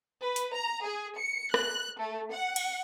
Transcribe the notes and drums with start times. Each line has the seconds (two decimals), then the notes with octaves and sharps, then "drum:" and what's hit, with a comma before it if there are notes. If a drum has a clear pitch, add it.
0.23 B4
0.36 drum: hi-hat
0.56 A#5
0.85 G#4
1.17 C#7
1.54 F#6, drum: rim click
2.00 A3
2.32 F#5
2.56 drum: cymbal